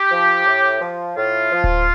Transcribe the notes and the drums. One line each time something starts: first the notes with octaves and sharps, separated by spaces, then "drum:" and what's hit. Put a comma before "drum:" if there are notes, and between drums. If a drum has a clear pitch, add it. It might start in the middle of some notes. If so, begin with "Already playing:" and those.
Already playing: G4
F3
A2
F3
A2 F4
F3
drum: kick D1